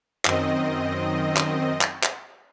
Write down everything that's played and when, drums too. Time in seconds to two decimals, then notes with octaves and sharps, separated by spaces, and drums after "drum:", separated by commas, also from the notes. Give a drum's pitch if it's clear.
0.25 F#2 D#3 C4 D#5, drum: clap
1.37 drum: clap
1.81 drum: clap
2.03 drum: clap